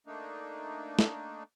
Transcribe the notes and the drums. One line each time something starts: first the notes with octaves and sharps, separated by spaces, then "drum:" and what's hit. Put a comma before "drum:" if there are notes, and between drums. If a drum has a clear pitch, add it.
A3 A#3 D4 D#4
drum: snare